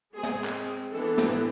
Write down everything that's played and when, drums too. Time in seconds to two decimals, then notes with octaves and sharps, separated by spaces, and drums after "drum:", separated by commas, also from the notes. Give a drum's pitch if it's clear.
0.14 G#3 C4 G#4
0.23 drum: snare
0.44 drum: clap
0.93 E3 B3 D4 A4
1.18 drum: snare